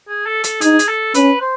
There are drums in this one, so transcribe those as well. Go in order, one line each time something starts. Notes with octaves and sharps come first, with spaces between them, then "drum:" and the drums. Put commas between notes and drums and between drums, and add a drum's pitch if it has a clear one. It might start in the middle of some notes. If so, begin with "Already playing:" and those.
G#4
A4
A4, drum: hi-hat
D#4 G#4, drum: hi-hat
drum: hi-hat
A4
C#4 B4, drum: hi-hat
C5